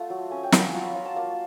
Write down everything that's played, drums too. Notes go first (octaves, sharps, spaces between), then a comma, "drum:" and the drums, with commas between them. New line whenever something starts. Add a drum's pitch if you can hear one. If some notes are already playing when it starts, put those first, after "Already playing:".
Already playing: A3 F4 F#5
F#3
C#4 G#5
G5
F#3 G#5, drum: snare
F4 A#5
B5
F4 A#5
A5
A#3 A5